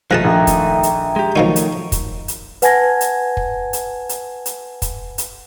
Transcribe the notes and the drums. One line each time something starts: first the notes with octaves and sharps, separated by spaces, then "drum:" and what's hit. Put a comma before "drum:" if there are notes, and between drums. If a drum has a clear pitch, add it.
D#3 F3 A3 D#4 G#4 A5 F#6 A#6
A#1 E5 G5 A#5
drum: kick, hi-hat
drum: hi-hat
G#3 G4
D#3 F3 F#3 A3 D#4 A#4 C#5 D#5
drum: hi-hat
drum: kick, hi-hat
drum: hi-hat
B4 F#5 G#5 A5 G#6 A#6, drum: hi-hat
drum: hi-hat
drum: kick
drum: hi-hat
drum: hi-hat
drum: hi-hat
drum: kick, hi-hat
drum: hi-hat